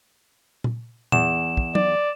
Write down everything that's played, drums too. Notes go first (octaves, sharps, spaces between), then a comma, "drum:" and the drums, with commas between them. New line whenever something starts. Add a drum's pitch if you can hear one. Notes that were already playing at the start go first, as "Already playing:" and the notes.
drum: tom A#2
E2 E7, drum: tom A#2
drum: kick
D5, drum: tom F#3